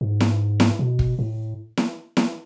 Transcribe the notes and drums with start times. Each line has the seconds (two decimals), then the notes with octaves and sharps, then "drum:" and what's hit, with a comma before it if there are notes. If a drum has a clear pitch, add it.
0.01 G#2
0.20 drum: snare E4
0.60 drum: snare E4
0.79 B2
0.99 drum: kick
1.19 A2
1.77 drum: snare E4
2.17 drum: snare E4